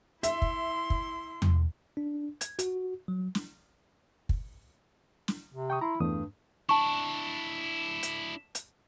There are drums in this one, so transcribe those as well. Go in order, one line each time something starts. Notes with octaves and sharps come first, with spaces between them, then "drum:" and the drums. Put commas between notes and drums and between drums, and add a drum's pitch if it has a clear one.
E4 E5 C6, drum: hi-hat
drum: kick
drum: kick
drum: tom E2
D4
G#6, drum: hi-hat
F#4, drum: hi-hat
F#3
drum: snare
drum: kick
drum: snare
C3
G5 C#6 D#6
E4 A#5 C6
E2 G2 A3 D#6
D4 E4 A5 C#6
drum: hi-hat
drum: hi-hat